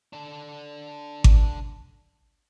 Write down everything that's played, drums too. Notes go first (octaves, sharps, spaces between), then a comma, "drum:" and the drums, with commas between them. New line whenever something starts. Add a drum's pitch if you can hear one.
D4 A4
drum: kick G#1